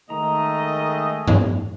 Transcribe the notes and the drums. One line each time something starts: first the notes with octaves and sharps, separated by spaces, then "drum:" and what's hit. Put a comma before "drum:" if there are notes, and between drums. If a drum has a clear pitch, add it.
D#3 G#3 A3 D#5 A#5
drum: tom G2